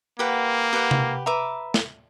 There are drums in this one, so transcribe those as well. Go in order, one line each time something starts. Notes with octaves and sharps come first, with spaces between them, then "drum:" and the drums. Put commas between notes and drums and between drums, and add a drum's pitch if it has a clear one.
A#3 G4 B4 F#5
G4 B4 F#5
drum: tom C3
B4 E5 A#5 D6
drum: snare